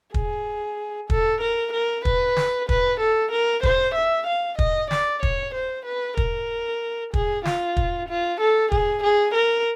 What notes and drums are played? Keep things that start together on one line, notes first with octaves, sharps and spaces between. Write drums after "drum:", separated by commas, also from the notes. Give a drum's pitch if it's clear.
G#4, drum: kick
A4, drum: kick
A#4
A#4
B4, drum: kick
drum: snare
B4, drum: kick
A4
A#4
C5, drum: kick
E5
F5
D#5, drum: kick
D5, drum: snare
C#5, drum: kick
C5
B4
A#4, drum: kick
G#4, drum: kick
F4, drum: snare
drum: kick
F4
A4
G#4, drum: kick
G#4
A#4